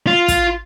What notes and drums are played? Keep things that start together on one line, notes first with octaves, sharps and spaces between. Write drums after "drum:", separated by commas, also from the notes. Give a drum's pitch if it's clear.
F4
drum: kick, hi-hat